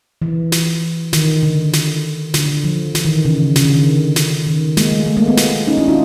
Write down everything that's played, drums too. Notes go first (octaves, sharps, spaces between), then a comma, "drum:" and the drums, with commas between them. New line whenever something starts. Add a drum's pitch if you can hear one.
E3
drum: snare
D#3, drum: snare
D3
drum: snare
D3, drum: snare
F3
E3, drum: snare
D#3
C#3
C#3, drum: snare
D3
D#3
drum: snare
D#3
G#3 A#3, drum: snare
A3
A3
G#3 A#3
A3 B3
drum: snare
C#4 D#4
D4 E4
D#4 F4